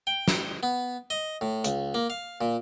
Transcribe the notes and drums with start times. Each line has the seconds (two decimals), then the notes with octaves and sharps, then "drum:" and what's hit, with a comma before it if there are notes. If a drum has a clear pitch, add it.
0.07 G5
0.28 drum: snare
0.63 B3
1.10 D#5
1.41 A2
1.64 C#2, drum: hi-hat
1.94 A#3
2.10 F5
2.41 A#2